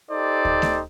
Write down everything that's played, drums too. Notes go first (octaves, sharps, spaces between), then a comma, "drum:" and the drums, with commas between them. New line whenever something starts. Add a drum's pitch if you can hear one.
D#4 G4 A4 C5 D5
drum: kick D2
drum: snare A3